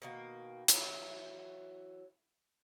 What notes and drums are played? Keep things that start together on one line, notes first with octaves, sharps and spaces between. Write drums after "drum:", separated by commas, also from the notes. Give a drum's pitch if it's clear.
B2 D#3 A#3
E3 F#3, drum: hi-hat